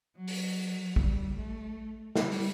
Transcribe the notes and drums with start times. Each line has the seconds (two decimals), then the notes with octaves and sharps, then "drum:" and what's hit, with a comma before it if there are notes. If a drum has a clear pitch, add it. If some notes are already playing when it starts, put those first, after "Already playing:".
0.16 F#3
0.28 drum: open hi-hat
0.96 G3, drum: kick
1.36 A3
2.15 G3, drum: snare
2.32 drum: open hi-hat